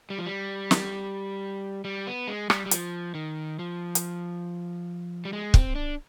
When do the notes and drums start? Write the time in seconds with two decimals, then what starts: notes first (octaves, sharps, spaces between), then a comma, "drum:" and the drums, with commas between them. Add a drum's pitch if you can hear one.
0.10 G3
0.19 F3
0.25 G3
0.71 drum: snare
1.85 G3
2.07 B3
2.28 G#3
2.50 G3, drum: rim click
2.66 G3
2.71 F3, drum: hi-hat
3.15 D#3
3.59 F3
3.95 drum: hi-hat
5.25 G3
5.33 G#3
5.54 C4, drum: kick
5.75 D4